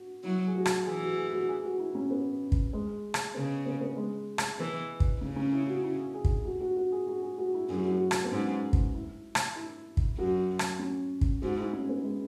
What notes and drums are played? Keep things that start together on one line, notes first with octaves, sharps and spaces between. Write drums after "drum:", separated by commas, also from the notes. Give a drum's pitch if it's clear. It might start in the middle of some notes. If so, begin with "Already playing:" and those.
Already playing: F#4
F#3 E4
G#4
F#4
drum: rim click
E3 G#4
F#4
G#4
F#4
G#4
F#4
E4
C#4
B3
drum: kick
G#3
drum: rim click
C#3 B3
B3
B3
G#3
drum: rim click
E3 B3
drum: kick
C#3 C#4
C#4
E4
F#4
E4
G#4
drum: kick
F#4
F#4
F#4
G#4
F#4
G#4
F#4
E4
F#2 G#4
F#4
E4
F#4
drum: rim click
B3
G#2 C#4
drum: kick
E4
drum: rim click
E4
drum: kick
F#2 F#4
drum: rim click
C#4
drum: kick
G#2 F#4
E4
C#4
B3
G#3